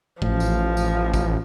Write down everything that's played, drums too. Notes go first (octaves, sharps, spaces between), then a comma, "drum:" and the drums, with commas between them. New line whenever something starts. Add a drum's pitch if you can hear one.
A1 F3, drum: kick
drum: tambourine
drum: tambourine
drum: kick, tambourine